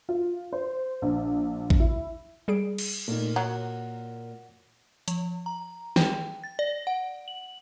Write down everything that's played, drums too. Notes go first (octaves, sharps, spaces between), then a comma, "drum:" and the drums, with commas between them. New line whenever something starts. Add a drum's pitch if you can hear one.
F4
C5
A#1
drum: kick A1
E4
G3 G#4 D7
drum: cymbal
A#2 A3 A#3 D#4
F#3 F#5
F3, drum: hi-hat
A#5
G5, drum: snare
A6
D5
F#5
F#7